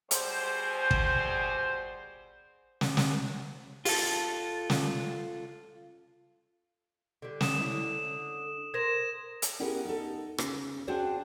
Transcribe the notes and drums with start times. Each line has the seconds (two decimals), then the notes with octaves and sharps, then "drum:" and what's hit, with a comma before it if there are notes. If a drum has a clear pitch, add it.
0.11 B2 G3 G#4 C5, drum: hi-hat
0.91 drum: kick
2.81 drum: snare
2.97 drum: snare
3.85 F4 A4, drum: open hi-hat
4.70 drum: snare
7.22 D3 G3
7.41 D#6 E7, drum: snare
7.58 D3 C#4 E4
8.74 A#4 C5 G#6 A#6 E7
9.42 drum: hi-hat
9.60 B3 C#4 E4 G4 G#4 A#4
9.85 D#4 A4
10.38 C#3, drum: rim click
10.88 C4 D4 F#4 G#4 C5 C#5